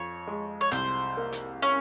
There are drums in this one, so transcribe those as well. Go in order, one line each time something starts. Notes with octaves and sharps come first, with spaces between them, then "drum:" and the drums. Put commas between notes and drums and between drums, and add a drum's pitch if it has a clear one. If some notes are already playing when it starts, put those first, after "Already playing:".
Already playing: F2 C#5
G#3
C#5
C2 C5, drum: hi-hat
A#3
drum: hi-hat
C#4